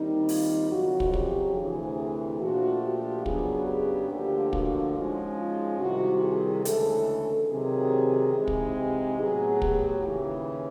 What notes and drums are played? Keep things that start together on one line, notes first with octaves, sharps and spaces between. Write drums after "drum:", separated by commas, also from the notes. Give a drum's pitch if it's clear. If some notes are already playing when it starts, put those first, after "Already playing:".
Already playing: D#2 D#3 G3 C4 D#4
F4, drum: open hi-hat
F2 C#3 F#3 F#4
drum: kick
G4, drum: kick
D2 C3 E3 G#4
A#2 F3 A3 D4 F4 F#4
G4
F#2 C#3 F#3 B3 D4 G#4, drum: kick
G4
D2 D3 F3 A#3 D4 G4
F#4, drum: kick
G#2 F3 G#3 C#4 F4
F4
C2 C3 D#3 F#4
G#4
D2 C#3 E3 G#3 A4, drum: hi-hat
C3 D#3 F#3 G#4
C3 E3 G#3 C4 D#4
drum: kick
G4
A2 F#3 B3 G#4
G4, drum: kick
D#2 C#3 E3